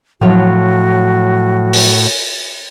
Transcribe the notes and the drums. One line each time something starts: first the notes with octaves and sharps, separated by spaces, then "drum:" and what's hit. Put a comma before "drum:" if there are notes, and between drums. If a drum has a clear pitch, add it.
A2 F3 F#3 F#4 C#5
drum: open hi-hat